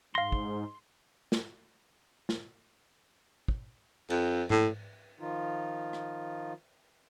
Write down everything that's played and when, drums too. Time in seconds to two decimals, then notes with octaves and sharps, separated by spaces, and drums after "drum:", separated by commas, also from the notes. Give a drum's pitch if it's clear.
0.15 G#2 F5 C6 A#6
0.32 drum: kick
1.32 drum: snare
2.29 drum: snare
3.48 drum: kick
4.10 F2, drum: cymbal
4.50 A2, drum: tom G#2
5.20 D#3 F3 D#4 F4
5.93 drum: rim click